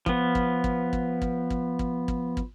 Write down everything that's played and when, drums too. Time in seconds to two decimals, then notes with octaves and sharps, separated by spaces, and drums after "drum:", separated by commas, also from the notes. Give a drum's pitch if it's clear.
0.06 F3 B3, drum: kick
0.35 drum: kick
0.64 drum: kick
0.93 drum: kick
1.22 drum: kick
1.50 drum: kick
1.79 drum: kick
2.08 drum: kick
2.37 drum: kick